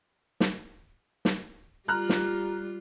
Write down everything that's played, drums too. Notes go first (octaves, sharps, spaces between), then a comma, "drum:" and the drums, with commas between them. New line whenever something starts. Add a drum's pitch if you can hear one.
drum: snare
drum: snare
G3 F4 A#5 F6 F#6
drum: snare